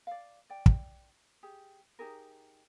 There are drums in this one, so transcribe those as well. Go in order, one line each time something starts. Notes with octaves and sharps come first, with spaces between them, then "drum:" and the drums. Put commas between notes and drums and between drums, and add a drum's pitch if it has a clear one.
D5 F5
D5 G5
drum: kick
G4 G#4
D#4 G4 G#4 A#4